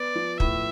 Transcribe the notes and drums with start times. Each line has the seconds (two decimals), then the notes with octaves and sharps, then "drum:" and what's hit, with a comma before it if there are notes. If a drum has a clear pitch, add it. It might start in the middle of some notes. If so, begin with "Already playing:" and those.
Already playing: B3 D5
0.16 F3
0.40 A2 E5, drum: kick